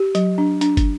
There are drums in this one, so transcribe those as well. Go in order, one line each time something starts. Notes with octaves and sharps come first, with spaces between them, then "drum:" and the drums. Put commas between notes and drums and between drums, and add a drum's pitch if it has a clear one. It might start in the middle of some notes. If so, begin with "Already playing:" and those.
Already playing: G4
F#3, drum: hi-hat
D4
D4, drum: hi-hat
drum: kick, hi-hat